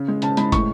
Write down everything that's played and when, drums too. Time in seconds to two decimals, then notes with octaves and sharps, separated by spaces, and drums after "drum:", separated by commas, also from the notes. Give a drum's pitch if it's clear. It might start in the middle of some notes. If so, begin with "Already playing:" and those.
Already playing: C#3
0.08 G#3
0.22 C#3 A5, drum: hi-hat
0.37 G#3 B5, drum: hi-hat
0.52 A2 C#6, drum: kick, hi-hat